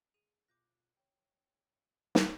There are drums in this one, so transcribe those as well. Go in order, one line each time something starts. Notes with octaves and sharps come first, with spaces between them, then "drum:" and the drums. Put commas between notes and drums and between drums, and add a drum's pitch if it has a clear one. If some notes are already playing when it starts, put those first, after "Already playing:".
G#4 D#7
B2 F4 D6 F#6 G6 A#6
C#5 G5
drum: snare